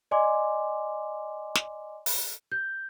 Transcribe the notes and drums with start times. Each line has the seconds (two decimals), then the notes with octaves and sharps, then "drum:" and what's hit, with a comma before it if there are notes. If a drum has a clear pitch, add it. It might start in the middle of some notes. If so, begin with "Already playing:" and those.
0.11 D5 D#5 G#5 C6 D6
1.55 drum: snare
2.06 drum: open hi-hat
2.52 G6